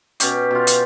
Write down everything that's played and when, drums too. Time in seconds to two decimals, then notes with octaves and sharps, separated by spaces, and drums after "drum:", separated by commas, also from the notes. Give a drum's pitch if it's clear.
0.20 B2 C#4 G4, drum: hi-hat
0.51 B2 F4
0.67 drum: hi-hat